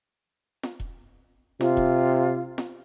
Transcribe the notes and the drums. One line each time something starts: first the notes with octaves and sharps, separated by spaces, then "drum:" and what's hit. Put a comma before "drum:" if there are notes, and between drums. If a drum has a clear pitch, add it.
drum: snare
drum: kick E1
C3 F4, drum: snare
drum: kick E1
drum: snare